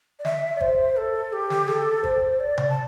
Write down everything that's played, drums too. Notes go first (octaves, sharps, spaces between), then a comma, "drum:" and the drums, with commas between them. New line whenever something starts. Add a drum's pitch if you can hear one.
D5
E5, drum: snare
D5
C5, drum: kick G#1
A4
G4
drum: snare
A4, drum: snare
C5, drum: kick G#1
D5
drum: tom C3
A5